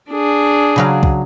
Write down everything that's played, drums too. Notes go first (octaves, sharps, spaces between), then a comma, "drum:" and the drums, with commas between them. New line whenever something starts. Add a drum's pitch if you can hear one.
D4 G#4
C#3 F#3 F5
drum: kick